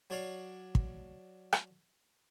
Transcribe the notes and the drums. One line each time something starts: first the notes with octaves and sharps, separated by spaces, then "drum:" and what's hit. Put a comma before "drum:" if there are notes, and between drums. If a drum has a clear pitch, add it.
F#3 D4 C#5 D5 F5
drum: kick
drum: rim click